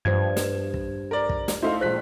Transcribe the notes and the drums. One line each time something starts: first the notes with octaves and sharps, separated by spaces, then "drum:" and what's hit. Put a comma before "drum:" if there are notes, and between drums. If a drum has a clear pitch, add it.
G2 F3 C5 G#6
E7, drum: snare
drum: kick
A#4 D5
drum: kick
drum: snare
A3 D#4 E4 C5 F5 C6
A#1 A#2 G#3 C5 F#6 B6